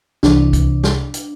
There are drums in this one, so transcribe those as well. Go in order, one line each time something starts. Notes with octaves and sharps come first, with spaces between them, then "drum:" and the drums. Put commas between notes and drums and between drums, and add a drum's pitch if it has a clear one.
C2 C3 E3 D4, drum: snare
drum: kick, hi-hat
drum: snare
drum: hi-hat